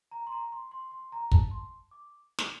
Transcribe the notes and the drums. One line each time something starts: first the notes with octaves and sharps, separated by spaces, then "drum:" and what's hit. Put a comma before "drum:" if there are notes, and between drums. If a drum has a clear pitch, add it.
A#5
C6
A#5
C6
C6
C6
A#5
A5, drum: kick
C6
D6
drum: snare